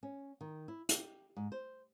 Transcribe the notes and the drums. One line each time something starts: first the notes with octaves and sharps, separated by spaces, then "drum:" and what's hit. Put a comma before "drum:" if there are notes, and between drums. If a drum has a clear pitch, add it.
C#4
D#3
E4
G4, drum: hi-hat
G#2
C5